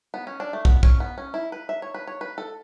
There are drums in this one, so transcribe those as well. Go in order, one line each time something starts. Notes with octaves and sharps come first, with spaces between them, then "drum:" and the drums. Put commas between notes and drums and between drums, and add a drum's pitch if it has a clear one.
B3
C#4
D4
A3
B3, drum: kick
C#4, drum: kick
B3
C#4
E4
B4
E5
C#5
B4
C#5
B4
A4